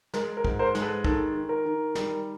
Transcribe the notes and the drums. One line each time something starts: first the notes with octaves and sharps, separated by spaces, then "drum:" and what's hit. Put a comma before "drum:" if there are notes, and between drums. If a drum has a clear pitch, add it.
G#3 A#4, drum: snare
A#4
G#2, drum: kick
A#4 C5
G#3, drum: snare
A4 B4
D#3 A4, drum: kick
D#3
A#4
D#3
G3, drum: snare